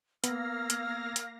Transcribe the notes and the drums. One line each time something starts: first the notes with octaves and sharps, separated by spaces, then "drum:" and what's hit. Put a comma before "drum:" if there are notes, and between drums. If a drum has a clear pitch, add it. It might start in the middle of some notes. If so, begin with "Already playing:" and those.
A#3 B3 F5 E6 F6 G#6 A#6, drum: hi-hat
drum: hi-hat
drum: hi-hat